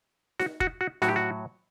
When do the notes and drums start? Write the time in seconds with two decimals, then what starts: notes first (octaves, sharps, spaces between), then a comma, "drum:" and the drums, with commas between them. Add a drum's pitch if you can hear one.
0.40 F#4, drum: snare D#4
0.60 F#4, drum: kick F1
0.81 F#4
1.02 A2 F#3 F#4, drum: snare D#4
1.08 G4
1.16 F#4